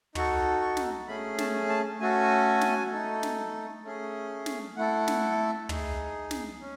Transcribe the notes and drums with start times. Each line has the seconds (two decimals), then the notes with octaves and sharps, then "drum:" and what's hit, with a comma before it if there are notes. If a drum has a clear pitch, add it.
0.15 D#4 F#4 A4 C#6, drum: tom
0.62 C#6
0.77 drum: snare
1.07 A3 C#4 G#4 B5
1.38 A5, drum: snare
1.69 A5
2.00 A3 C#4 F#4 A4 G#5
2.61 drum: snare
2.92 A3 D#4 A4
3.23 drum: snare
3.84 A3 C#4 G#4
4.46 drum: snare
4.77 A3 E4 A4 F#5
5.08 drum: snare
5.69 D#4 G#4, drum: tom
6.31 drum: snare
6.61 C#4